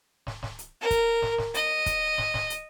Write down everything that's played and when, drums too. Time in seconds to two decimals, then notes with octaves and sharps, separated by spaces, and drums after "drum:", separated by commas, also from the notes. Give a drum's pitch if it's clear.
0.27 drum: snare
0.43 drum: snare
0.59 drum: hi-hat
0.81 A#4
0.91 drum: kick, hi-hat
1.22 drum: snare
1.38 drum: snare
1.54 D#5, drum: hi-hat
1.86 drum: kick, hi-hat
2.18 drum: snare
2.34 drum: snare
2.50 drum: hi-hat